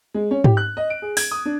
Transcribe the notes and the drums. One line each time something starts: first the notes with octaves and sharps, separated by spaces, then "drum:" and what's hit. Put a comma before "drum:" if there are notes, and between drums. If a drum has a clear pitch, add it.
G#3
C#4
G4, drum: tom G#2
F#6
D#5
D7
G#4
G#6, drum: open hi-hat
D#6
D4